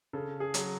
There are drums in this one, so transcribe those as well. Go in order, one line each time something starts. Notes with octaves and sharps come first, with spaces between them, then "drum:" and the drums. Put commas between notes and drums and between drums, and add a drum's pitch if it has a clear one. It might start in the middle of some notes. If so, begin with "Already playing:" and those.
C#3 A4
G#4
F#3, drum: hi-hat